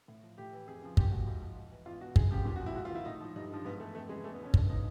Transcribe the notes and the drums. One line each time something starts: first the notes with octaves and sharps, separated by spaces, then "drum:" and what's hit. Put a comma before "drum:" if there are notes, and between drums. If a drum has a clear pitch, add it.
A2
F3
A2 G4
E3
F2 G#4
C#3 F3
A#2 G4, drum: kick
F3 F#4
G#2
F3
G#2
E3
E2 F4
B2 F#4
F#2 G#4, drum: kick
C#3 F3 G4
A#2 G4
F#4
F3
E4
G#2 F#4
F4
D#3 E4
A2 D#4
F3
G2 D#4
D3 F3
G#2 B3
E3 A3
F2 A3
C#3 E3 G#3
E2 A3
B3
B2 C#4
G#2 D4, drum: kick
F3 D#4